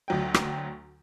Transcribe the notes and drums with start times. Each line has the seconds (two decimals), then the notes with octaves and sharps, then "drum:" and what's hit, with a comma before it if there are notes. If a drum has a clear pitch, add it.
0.08 D2 F#3 G5
0.34 drum: rim click